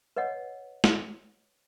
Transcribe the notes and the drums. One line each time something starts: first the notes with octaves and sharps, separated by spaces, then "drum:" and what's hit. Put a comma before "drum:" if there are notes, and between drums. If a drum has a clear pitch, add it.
B4 C#5 D#5 F#5
drum: snare